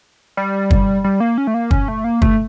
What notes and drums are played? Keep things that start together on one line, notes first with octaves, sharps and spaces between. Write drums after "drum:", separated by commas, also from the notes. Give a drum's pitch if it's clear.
G3
drum: kick
G3
A#3
C#4
A3
A#3
C#4, drum: kick
A3
A#3
A3, drum: kick